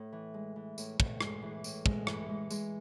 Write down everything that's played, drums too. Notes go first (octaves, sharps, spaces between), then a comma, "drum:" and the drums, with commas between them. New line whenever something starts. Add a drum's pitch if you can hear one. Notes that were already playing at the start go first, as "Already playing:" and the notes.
Already playing: A2
E3
G#3
E3
A2, drum: tambourine
A2, drum: kick
G#3, drum: rim click
E3
A2, drum: tambourine
G#3, drum: kick
E3, drum: rim click
G#3
G#3, drum: tambourine